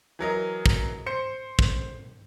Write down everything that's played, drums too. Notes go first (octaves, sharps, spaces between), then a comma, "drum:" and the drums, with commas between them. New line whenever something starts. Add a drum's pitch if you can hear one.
E3 F#3 A#4 D#5
drum: kick
C5 C#7
drum: kick